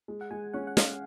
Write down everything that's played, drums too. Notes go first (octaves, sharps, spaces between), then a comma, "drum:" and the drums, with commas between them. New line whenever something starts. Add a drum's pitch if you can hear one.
G#3
F#5
G#3 G#5
C#4 F#5
F#5
C#4 F5, drum: snare